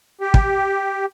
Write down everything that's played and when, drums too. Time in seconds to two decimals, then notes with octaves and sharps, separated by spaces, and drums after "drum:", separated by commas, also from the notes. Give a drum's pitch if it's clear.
0.21 G4
0.34 drum: kick